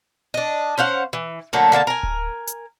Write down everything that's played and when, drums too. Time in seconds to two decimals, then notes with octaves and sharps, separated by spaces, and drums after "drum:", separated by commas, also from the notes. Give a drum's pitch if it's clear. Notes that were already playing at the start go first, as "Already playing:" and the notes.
0.34 D4 D#5
0.78 C#4 C5 F5 F#5
1.13 E3
1.53 D3 F#3 A3 A#3
1.72 D3 A#3 E5 A5
1.87 A#4 G#5
2.03 drum: kick D1
2.47 drum: hi-hat